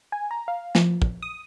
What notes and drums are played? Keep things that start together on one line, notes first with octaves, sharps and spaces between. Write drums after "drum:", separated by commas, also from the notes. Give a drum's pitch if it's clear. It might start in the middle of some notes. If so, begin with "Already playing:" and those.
G#5
A#5
F5
F3, drum: snare
A#1, drum: kick
D#6